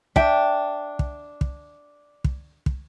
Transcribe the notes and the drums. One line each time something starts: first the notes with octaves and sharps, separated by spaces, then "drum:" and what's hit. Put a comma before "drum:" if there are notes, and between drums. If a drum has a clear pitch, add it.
D4 E5 G5, drum: kick
drum: kick
drum: kick
drum: kick
drum: kick